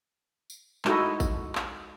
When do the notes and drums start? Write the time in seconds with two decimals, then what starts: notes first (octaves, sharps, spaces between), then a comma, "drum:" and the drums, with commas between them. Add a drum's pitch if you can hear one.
0.50 drum: tambourine
0.85 G#3 D#4 E4 F#4 A4 D#5, drum: clap
1.20 drum: kick A1, tambourine
1.55 drum: clap